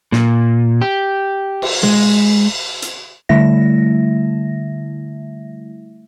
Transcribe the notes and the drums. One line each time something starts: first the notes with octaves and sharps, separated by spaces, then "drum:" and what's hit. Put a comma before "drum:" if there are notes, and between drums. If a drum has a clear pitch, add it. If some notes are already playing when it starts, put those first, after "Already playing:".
A#2, drum: snare
G4
drum: cymbal
G#3, drum: tom A#2
drum: hi-hat
D3 G3 A3 E4 E5 A#6